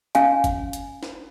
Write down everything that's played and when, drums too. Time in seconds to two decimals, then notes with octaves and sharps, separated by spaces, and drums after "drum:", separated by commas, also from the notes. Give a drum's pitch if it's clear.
0.15 C#4 F5 G#5, drum: hi-hat
0.44 drum: kick, hi-hat
0.73 drum: hi-hat
1.03 drum: snare